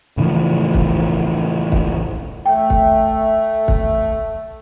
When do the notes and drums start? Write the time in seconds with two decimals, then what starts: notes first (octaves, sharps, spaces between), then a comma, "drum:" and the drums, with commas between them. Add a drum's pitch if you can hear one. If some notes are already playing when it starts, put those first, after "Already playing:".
0.17 A2 C#3 E3 F3
0.74 drum: kick
1.72 drum: kick
2.46 A3 G5
2.70 drum: kick
3.68 drum: kick